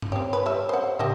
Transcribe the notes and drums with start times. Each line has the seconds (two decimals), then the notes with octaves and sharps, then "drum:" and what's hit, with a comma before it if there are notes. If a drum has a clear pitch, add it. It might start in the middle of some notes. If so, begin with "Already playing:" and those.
0.02 drum: tom G2
0.12 C4 G4 C#5
0.33 B4
0.46 G3 E5
0.69 C5 F#5
0.99 A2 C#3 G4 D#5 E5